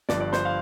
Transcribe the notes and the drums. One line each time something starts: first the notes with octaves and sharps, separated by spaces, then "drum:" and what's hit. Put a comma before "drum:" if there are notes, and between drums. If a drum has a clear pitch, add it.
G1 G2 F3 D5, drum: snare
D5
C5, drum: snare
F5